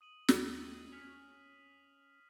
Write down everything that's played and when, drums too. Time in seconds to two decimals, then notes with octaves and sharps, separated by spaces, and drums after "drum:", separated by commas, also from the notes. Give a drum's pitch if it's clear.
0.01 D#6 D#7 F#7
0.28 D#2, drum: snare
0.92 C#4 F6 B6 F7